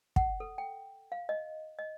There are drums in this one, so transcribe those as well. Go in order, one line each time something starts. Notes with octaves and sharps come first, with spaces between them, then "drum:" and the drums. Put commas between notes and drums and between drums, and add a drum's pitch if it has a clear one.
F#5, drum: kick
A4
G5
F5
D#5
D#5